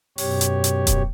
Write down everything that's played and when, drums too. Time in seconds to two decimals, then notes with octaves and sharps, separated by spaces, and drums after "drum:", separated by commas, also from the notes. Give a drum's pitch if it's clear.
0.18 F#2 B2 G4 C#5, drum: open hi-hat
0.41 drum: hi-hat
0.64 drum: hi-hat
0.87 drum: kick D#1, hi-hat